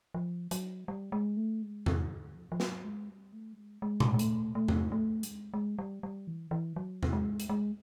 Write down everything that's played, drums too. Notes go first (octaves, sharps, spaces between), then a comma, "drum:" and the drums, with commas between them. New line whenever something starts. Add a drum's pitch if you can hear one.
F3
F#3, drum: hi-hat
G3
G#3
A3
G#3
D#3, drum: tom E2
D3
F3
F3
F#3, drum: snare
G#3
G3
A3
G3
G#3
G#3
drum: tom A#2
G#3
A3, drum: hi-hat
A3
drum: tom E2
A3
G3, drum: hi-hat
G#3
G#3
G3
G3
E3
E3
F#3
drum: tom E2
G#3
drum: hi-hat
G#3